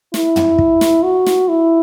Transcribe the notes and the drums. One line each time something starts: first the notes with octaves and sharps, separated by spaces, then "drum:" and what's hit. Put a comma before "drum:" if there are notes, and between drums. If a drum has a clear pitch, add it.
E4, drum: snare
drum: tom
drum: kick
drum: snare
F#4
drum: snare
E4